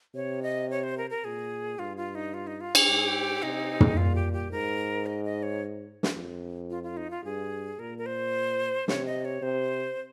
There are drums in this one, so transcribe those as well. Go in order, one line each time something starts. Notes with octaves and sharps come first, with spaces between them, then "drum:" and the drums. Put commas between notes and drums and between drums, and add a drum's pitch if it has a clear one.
C3 C#5
D#5
C#5
C5
A#4
A#4
A#2 G#4
G2 F4
F4
D#4
F4
D#4
F4
G#4, drum: cymbal
G#2 G4
G#4
G4
C3 D#4
drum: tom
A#2 F4
G4
G4
G#2 A#4
D#5
D#5
C#5
drum: snare
F2
F4
F4
D#4
F4
G2 G#4
A#2 A#4
A#4
C5
C3 C#5, drum: snare
D#5
C#5
C3 C5